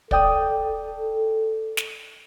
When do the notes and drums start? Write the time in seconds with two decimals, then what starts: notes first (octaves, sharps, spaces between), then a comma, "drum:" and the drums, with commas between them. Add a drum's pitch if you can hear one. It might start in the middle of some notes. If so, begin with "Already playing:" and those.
0.11 A4 D5 G5 D#6, drum: kick
1.77 drum: snare